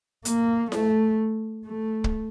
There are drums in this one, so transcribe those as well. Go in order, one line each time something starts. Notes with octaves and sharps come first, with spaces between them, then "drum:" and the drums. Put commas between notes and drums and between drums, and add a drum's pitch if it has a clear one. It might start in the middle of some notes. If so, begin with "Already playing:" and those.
A#3, drum: hi-hat
A3, drum: snare E4
A3
drum: kick